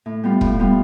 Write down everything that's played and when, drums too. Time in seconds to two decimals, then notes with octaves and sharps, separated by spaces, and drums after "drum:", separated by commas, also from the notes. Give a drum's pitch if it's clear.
0.06 A2
0.23 G3 B3 F4
0.41 A2, drum: kick E1
0.59 G3 B3 F4